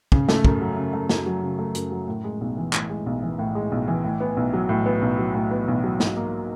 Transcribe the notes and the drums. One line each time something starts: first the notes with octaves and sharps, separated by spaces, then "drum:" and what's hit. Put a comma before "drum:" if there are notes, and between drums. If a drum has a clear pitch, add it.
C#3, drum: kick
A3, drum: snare
F#2, drum: kick
F#3
C#3
A3
F#2, drum: snare
F#3
C#3
A3
F#2, drum: hi-hat
F#3
A2
G#3
B1
E3
A2, drum: clap
G#3
B1
E3
A2
G#3
B1
E3
A2
B3
B1
F#3
A2
B3
B1
F#3
A2
B3
B1
F#3
G#2, drum: snare
A#3